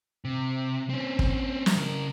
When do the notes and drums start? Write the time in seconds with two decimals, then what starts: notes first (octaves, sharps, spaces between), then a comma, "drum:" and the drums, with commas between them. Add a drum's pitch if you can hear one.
0.25 C3
0.89 C4 C#4
1.19 drum: kick
1.66 drum: snare
1.76 C#3 A#4